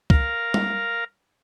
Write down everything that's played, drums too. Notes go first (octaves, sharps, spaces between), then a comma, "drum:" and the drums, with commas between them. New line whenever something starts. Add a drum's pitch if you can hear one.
A#4 F5, drum: kick
drum: tom G3